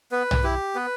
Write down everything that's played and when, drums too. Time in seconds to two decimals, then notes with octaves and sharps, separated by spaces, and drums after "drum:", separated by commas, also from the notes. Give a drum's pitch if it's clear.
0.12 B3 B4
0.31 drum: tom B1
0.44 E4 G4
0.75 B3 B4